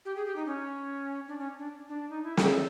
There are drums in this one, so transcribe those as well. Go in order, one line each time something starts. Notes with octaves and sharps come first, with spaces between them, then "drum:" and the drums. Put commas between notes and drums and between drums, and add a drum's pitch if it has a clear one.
G4
G#4
G4
D#4
C#4
D4
C#4
D4
D4
D#4
E4
A4, drum: snare
A4